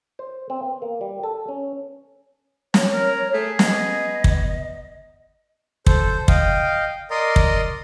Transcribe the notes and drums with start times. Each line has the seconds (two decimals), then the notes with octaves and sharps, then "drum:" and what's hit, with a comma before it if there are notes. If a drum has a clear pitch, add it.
0.19 C5
0.50 C4
0.66 B3
0.82 A#3
1.01 G3
1.23 A4
1.48 C#4
2.74 C#5, drum: snare
2.94 A#4
3.34 A3 G#4
3.59 B3 D#5, drum: snare
4.24 drum: kick
5.87 A4 C5, drum: kick
6.28 D#5 F5 G5, drum: kick
7.11 A#4 D5 D#5 A#5 C6 D#6
7.36 drum: kick